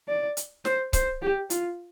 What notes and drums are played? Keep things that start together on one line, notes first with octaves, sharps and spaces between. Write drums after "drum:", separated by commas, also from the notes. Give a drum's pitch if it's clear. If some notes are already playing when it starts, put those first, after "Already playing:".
D5
drum: hi-hat
C5, drum: snare
C5, drum: kick C#1, hi-hat
G4
F4, drum: hi-hat